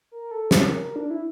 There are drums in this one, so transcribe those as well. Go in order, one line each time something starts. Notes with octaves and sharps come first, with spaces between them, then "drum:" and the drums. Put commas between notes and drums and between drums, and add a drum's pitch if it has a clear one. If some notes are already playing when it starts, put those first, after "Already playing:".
A#4
A4
C#5, drum: snare
A#4
A#4
D4
E4